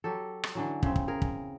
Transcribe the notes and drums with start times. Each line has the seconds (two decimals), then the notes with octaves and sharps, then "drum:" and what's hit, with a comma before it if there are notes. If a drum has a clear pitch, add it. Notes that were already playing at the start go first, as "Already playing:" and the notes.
0.04 F#3 G4 A4
0.44 drum: rim click
0.55 D3 E3 F#3
0.83 C#3 C4, drum: kick
0.96 drum: kick
1.08 G#4 A#4
1.22 drum: kick